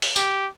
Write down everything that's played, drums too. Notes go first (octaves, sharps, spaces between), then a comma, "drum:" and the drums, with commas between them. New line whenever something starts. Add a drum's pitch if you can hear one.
drum: open hi-hat
G4, drum: tambourine